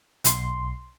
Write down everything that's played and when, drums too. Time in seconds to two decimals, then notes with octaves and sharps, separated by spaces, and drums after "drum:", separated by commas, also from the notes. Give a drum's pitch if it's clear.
0.24 B1 C6, drum: hi-hat